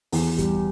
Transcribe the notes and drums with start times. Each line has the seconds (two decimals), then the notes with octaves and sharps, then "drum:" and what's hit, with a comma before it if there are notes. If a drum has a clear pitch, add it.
0.12 E2, drum: open hi-hat
0.38 G3, drum: kick, hi-hat